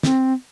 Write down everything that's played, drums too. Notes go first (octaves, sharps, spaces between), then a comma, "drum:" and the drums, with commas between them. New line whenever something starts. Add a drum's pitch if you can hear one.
C4, drum: snare